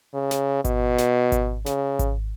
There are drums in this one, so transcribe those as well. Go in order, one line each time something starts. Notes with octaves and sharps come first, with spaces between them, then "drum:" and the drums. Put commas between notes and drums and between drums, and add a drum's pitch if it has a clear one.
C#3
drum: snare
B2, drum: kick G#1, hi-hat
drum: snare
drum: kick G#1, hi-hat
C#3, drum: snare
drum: kick G#1, hi-hat